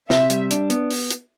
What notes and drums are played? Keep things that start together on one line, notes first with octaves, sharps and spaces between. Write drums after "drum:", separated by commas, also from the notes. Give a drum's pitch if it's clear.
C3 E5, drum: snare
G3, drum: hi-hat
D4, drum: hi-hat
B3, drum: hi-hat
drum: open hi-hat
drum: hi-hat